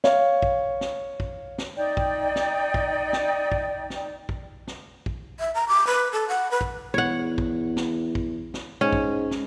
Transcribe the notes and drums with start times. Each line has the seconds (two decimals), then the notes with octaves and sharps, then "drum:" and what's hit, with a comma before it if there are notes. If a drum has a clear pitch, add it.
0.04 C#5 F5, drum: snare
0.42 drum: kick
0.81 drum: snare
1.20 drum: kick
1.58 drum: snare
1.76 D#4 D5 G5
1.97 drum: kick
2.36 drum: snare
2.74 drum: kick
3.13 drum: snare
3.52 drum: kick
3.90 drum: snare
4.29 drum: kick
4.67 drum: snare
5.06 drum: kick
5.39 E5
5.55 A#5
5.68 D6
5.87 B4
6.13 A4
6.29 F#5
6.51 B4
6.61 drum: kick
6.94 E2 C#5 F#5
7.38 drum: kick
7.77 drum: snare
8.15 drum: kick
8.54 drum: snare
8.81 G#2 C#4
8.93 drum: kick
9.31 drum: snare